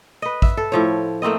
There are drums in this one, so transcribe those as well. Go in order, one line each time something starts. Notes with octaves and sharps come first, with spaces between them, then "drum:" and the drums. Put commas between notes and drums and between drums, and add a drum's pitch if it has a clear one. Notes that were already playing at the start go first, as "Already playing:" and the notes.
B4 D#5
E5, drum: kick
A4
A2 F3 C#5
A3 A#3 C4 D#5